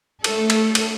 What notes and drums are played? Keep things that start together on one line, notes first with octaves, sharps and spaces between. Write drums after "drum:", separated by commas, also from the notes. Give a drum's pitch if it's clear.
A3 A4, drum: cymbal
drum: cymbal
drum: cymbal